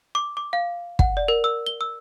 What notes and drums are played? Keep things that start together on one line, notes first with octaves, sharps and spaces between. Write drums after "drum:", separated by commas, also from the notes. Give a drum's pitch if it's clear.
D6
D6
F5
F#5, drum: kick
D5
A#4
E6
G7
E6